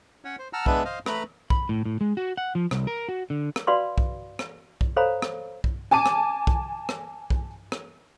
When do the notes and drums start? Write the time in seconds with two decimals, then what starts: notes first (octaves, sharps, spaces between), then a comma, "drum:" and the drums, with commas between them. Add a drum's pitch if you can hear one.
0.25 C#4 C#5 F#5
0.39 C5
0.53 F#5 A5 A#5 E6 F6
0.66 G#3 B3 D4 B4 E5, drum: kick B1
0.85 C5 D#5 F5
1.06 A3 B4 A#5 B5, drum: rim click
1.50 B5, drum: kick B1
1.69 A2
1.85 A2
2.01 G#3
2.17 F#4
2.37 F#5
2.55 F3
2.71 C2, drum: rim click
2.87 A#4
3.09 F#4
3.30 D3
3.56 drum: rim click
3.67 F#4 B4 D5 F5 B5 C6
3.98 drum: kick B1
4.39 drum: rim click
4.81 drum: kick B1
4.96 A4 C5 C#5 F5 A#5 B5
5.22 drum: rim click
5.64 drum: kick B1
5.91 G#5 A5 D6 D#7
6.06 drum: rim click
6.47 drum: kick B1
6.89 drum: rim click
7.30 drum: kick B1
7.72 drum: rim click